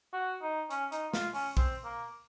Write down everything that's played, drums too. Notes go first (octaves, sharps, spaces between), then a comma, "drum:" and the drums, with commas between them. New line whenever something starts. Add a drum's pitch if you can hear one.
F#4
D#4
C#4, drum: hi-hat
D#4, drum: hi-hat
F4, drum: snare
C#4, drum: open hi-hat
C4, drum: kick
A#3